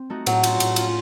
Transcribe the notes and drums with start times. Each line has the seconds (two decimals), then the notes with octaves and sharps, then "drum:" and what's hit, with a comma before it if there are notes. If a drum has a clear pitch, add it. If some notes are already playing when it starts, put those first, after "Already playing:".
Already playing: C4
0.10 A3 D#4 F#4
0.26 A2 F#3, drum: cymbal
0.43 A3 C#4 F4, drum: cymbal
0.60 A2, drum: cymbal
0.76 A3 C#4 F4, drum: cymbal